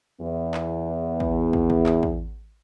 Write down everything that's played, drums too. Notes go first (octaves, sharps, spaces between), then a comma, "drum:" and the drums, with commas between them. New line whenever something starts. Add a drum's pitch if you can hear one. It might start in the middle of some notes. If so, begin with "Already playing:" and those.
E2 B3
drum: clap
drum: kick
drum: kick
drum: kick
drum: clap
drum: kick